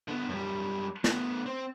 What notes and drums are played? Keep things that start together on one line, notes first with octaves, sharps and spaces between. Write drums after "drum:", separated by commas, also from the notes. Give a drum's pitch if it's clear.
D3 B3
F#2 G3
A3 B3, drum: snare
C4